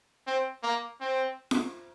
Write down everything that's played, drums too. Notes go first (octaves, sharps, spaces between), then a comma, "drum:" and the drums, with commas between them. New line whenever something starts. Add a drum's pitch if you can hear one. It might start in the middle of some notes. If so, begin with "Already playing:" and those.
C4
A#3
C4
drum: snare F4